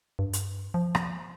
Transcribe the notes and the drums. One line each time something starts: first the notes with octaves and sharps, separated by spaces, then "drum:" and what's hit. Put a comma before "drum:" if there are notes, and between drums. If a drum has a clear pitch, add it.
G2
drum: hi-hat
F3
drum: rim click